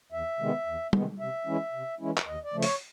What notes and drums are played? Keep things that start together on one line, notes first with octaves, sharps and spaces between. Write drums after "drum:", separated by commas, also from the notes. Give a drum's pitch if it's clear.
E2 E5
C3 D#3 G#3 B3
E2
C3 D#3 G#3 B3, drum: tom
C3 E5
E3 G#3 C#4 E4
C3
E3 G#3 C#4 E4
drum: clap
D#2 D#5
D5
C#3 F3 A3
C#5, drum: open hi-hat